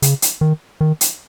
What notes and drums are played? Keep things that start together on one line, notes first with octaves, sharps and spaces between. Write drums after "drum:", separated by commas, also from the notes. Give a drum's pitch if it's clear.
C#3, drum: hi-hat
drum: hi-hat
D#3
D#3
drum: hi-hat